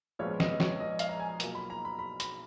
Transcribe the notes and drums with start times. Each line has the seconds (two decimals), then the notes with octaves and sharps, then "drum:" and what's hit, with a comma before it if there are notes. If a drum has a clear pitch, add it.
0.19 A#1 G#2 F3 B3 F4 C#5
0.40 D#5, drum: snare
0.60 C#5, drum: snare
0.80 D#5
0.99 F5, drum: hi-hat
1.09 A#5
1.20 G#5
1.40 B1 B2 A#3 F4, drum: hi-hat
1.55 B5
1.70 A#5
1.85 B5
1.99 B5
2.20 B5, drum: hi-hat